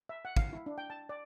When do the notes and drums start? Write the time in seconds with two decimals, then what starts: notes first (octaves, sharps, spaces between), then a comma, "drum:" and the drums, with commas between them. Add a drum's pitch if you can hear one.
0.09 E5
0.25 F#5
0.37 F5, drum: kick
0.53 E4
0.66 D4
0.78 G5
0.90 A5
1.09 D5